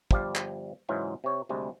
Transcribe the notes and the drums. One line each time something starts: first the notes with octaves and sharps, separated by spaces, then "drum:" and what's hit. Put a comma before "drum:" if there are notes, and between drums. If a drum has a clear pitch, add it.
G1 F3 G3 D5 F5, drum: kick
drum: clap
G#2 C#3 E3 F#3 G#3 F4
C3 C#5
D2 C3 G3 G#3